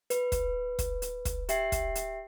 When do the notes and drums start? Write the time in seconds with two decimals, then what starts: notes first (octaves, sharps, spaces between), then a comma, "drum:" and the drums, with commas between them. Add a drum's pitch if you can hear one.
0.10 B4, drum: hi-hat
0.32 drum: kick, hi-hat
0.79 drum: kick, hi-hat
1.02 drum: hi-hat
1.25 drum: kick, hi-hat
1.49 G4 E5 G5 C7, drum: hi-hat
1.72 drum: kick, hi-hat
1.95 drum: hi-hat